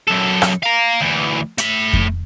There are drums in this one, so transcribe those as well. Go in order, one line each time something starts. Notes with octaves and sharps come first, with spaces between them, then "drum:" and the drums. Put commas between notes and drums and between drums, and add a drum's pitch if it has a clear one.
F#2 A4
drum: rim click
F5 A#5
D2 E3
A3 B5, drum: hi-hat
drum: kick F2